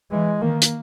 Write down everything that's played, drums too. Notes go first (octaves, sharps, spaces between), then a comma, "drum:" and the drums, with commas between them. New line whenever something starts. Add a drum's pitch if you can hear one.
E3 G#3
D#3 A#3
drum: hi-hat